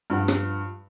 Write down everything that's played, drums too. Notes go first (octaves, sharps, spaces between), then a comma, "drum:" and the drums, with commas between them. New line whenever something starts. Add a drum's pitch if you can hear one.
G2 F3 F#5
drum: rim click